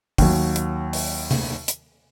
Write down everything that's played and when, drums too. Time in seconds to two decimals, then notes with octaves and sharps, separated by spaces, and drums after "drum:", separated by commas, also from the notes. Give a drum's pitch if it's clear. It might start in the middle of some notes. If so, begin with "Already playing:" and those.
0.18 D#2 F#3, drum: kick, open hi-hat
0.56 drum: hi-hat
0.93 drum: open hi-hat
1.31 drum: tom C3
1.68 drum: hi-hat